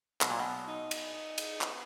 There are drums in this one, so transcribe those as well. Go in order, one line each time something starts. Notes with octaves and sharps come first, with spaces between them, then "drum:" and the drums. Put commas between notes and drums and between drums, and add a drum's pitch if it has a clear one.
B2 F#3, drum: clap
A#2
B2
D#4
drum: cymbal
D#4
drum: cymbal
B3, drum: clap